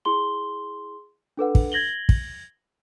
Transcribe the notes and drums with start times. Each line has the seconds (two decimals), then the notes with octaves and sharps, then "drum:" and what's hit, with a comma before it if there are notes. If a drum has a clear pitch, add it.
0.05 E4 G#4 C6 G7
1.37 D4 A4 B4 F#5
1.55 drum: kick
1.72 G#6 A#6 F#7 G7
2.09 drum: kick